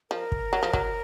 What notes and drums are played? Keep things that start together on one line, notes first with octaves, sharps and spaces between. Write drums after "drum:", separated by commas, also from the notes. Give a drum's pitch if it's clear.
F3 A#4
drum: kick
F#3
F3
F#3, drum: kick